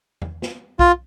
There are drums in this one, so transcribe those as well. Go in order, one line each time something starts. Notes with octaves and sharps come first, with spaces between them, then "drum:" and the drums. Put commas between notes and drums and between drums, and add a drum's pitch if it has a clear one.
drum: tom E2
drum: snare
F4, drum: kick B1